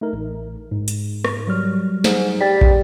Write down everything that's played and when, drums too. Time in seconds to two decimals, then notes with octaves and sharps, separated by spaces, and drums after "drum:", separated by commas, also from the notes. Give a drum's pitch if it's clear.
0.01 A3 D#4 A#4
0.13 A1
0.71 G#2
0.88 drum: hi-hat
1.25 drum: rim click
1.47 F#3 G3 F6
2.04 G#2, drum: snare
2.41 G3 A6 B6
2.61 drum: kick